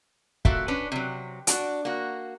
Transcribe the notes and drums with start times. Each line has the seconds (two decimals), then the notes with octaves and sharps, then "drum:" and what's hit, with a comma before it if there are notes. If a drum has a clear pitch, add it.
0.45 A#2 A#3 F#4 A4 E5, drum: kick
0.68 C#4 D4 B4
0.92 C3 F#3
1.47 D4 F#4, drum: hi-hat
1.85 A#3 F#4